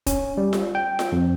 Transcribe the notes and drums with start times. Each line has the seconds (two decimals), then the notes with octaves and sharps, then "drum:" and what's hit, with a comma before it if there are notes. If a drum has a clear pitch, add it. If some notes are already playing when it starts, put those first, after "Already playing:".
0.07 C#4, drum: kick, hi-hat
0.37 G3
0.53 drum: snare F4
0.75 G5
0.99 drum: snare F4
1.12 F2